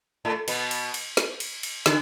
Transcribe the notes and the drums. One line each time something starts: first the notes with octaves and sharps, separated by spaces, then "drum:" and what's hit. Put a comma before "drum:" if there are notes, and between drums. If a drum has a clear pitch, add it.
A2 A3
B2 B3, drum: cymbal
drum: cymbal
drum: cymbal
drum: snare
drum: cymbal
drum: cymbal
D3, drum: snare